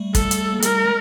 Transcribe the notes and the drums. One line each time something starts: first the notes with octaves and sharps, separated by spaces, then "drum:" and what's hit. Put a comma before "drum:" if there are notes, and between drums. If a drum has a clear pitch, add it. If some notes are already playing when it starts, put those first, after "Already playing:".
Already playing: G3 A3
A4, drum: kick, hi-hat
drum: hi-hat
A#3
G3 A3 A#4, drum: hi-hat
G#3